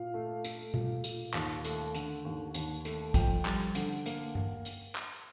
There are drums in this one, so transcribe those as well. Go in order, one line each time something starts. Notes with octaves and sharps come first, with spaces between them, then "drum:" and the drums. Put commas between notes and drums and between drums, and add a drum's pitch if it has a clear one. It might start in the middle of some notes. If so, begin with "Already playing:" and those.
Already playing: A#2 F5
A3
A3, drum: hi-hat
A#2, drum: tom B2
A#2, drum: hi-hat
D#2, drum: clap
A3, drum: hi-hat
D3, drum: hi-hat
D#2
D#2, drum: hi-hat
A3, drum: hi-hat
F2 G5, drum: kick A1, hi-hat
G3, drum: clap
D3, drum: hi-hat
A#3, drum: hi-hat
drum: tom G2
drum: hi-hat
drum: clap